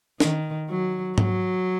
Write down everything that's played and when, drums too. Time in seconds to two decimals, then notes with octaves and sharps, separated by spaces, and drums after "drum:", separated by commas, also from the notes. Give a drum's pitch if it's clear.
0.20 D#3, drum: snare
0.69 F#3
1.18 F#3, drum: tom G#2